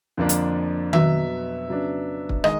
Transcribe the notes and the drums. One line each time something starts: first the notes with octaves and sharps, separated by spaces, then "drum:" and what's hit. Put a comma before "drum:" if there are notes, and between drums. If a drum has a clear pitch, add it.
F2 D3 F3 A#3 D4
drum: hi-hat
B2 F#3 B3 E5, drum: tom D#3
C#3 F#3 B3 D4
drum: kick
D#3 G#3 D#5, drum: rim click